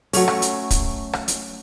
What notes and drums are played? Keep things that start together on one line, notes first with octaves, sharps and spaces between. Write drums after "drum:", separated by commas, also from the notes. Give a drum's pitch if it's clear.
F#3 A3 C#4, drum: open hi-hat
drum: rim click
drum: hi-hat
drum: kick, hi-hat
drum: rim click
drum: hi-hat